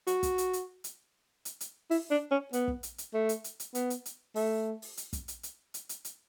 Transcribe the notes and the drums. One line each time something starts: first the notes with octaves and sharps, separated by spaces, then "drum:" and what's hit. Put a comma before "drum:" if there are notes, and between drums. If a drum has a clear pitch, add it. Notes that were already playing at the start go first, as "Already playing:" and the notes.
F#4, drum: hi-hat
drum: kick, hi-hat
drum: hi-hat
drum: hi-hat
drum: hi-hat
drum: hi-hat
drum: hi-hat
E4, drum: open hi-hat
D4
C#4
B3, drum: hi-hat
drum: kick
drum: hi-hat
drum: hi-hat
A3
drum: hi-hat
drum: hi-hat
drum: hi-hat
B3, drum: hi-hat
drum: hi-hat
drum: hi-hat
A3, drum: open hi-hat
drum: open hi-hat
drum: hi-hat
drum: kick, hi-hat
drum: hi-hat
drum: hi-hat
drum: hi-hat
drum: hi-hat
drum: hi-hat